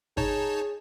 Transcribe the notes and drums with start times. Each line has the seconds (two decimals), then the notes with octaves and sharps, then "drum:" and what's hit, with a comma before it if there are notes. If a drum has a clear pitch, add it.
0.17 D#4 G#4 C#5 A5, drum: kick G1